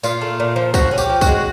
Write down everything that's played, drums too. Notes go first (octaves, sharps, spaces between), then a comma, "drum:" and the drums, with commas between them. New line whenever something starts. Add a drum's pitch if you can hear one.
A#2 F4, drum: tambourine
A3
A#2
F3
F3 F#4, drum: kick, tambourine
C#4 G#4
G4, drum: tambourine
F3
F#4, drum: kick, tambourine
G#3